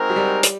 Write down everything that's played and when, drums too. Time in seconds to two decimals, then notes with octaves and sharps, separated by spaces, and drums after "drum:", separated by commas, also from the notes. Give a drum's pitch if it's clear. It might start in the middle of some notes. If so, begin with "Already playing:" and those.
Already playing: G#3 C4 D#4 F#4 A#4
0.10 F#3
0.16 G3
0.43 drum: hi-hat